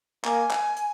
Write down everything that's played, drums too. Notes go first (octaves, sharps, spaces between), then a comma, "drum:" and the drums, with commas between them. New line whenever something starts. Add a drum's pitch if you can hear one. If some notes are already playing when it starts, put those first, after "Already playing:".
A#3 G#5, drum: clap
drum: clap
drum: hi-hat